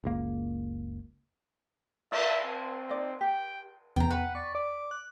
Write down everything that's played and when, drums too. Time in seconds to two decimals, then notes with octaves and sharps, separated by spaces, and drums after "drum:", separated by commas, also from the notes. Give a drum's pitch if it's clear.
0.04 F#1 C#2 A#3
2.12 D5 E5 F5, drum: cymbal
2.45 C4
2.89 D#4 D5 D#5
3.21 G4 G5
3.96 B3 G5 A#5, drum: tom E2
4.11 B4 F#5
4.35 D5 C#6
4.55 D5 D6
4.91 F#6